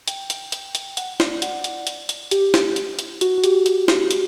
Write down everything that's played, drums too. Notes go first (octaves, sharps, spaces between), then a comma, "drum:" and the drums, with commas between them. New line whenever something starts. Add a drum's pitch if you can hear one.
G5, drum: hi-hat
drum: hi-hat
drum: hi-hat
drum: hi-hat
F#5, drum: hi-hat
D5, drum: snare
F#5, drum: hi-hat
drum: hi-hat
drum: hi-hat
drum: hi-hat
G4, drum: hi-hat
drum: snare
drum: hi-hat
drum: hi-hat
F#4, drum: hi-hat
F#4
G4, drum: hi-hat
drum: hi-hat
drum: snare
drum: hi-hat